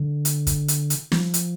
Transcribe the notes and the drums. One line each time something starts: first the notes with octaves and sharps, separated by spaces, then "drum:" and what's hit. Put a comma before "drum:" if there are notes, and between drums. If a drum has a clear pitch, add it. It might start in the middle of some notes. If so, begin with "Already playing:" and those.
Already playing: D3
drum: hi-hat
drum: kick, hi-hat
drum: hi-hat
drum: hi-hat
F3, drum: snare
drum: hi-hat